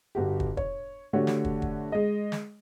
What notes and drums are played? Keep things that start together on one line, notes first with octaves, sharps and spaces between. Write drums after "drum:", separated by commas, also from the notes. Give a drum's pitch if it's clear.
G1 F#4 G4
drum: kick
C#5, drum: kick
D3 A3 F#4 G4 C#5
drum: snare
drum: kick
drum: kick
G#3 D#5
drum: snare